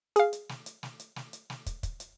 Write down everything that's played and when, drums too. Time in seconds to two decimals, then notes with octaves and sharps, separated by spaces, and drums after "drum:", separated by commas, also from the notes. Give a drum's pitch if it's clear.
0.16 G#4 F5, drum: hi-hat
0.33 drum: hi-hat
0.49 drum: snare
0.66 drum: hi-hat
0.83 drum: snare
1.00 drum: hi-hat
1.16 drum: snare
1.33 drum: hi-hat
1.50 drum: snare
1.66 drum: kick, hi-hat
1.83 drum: kick, hi-hat
2.00 drum: hi-hat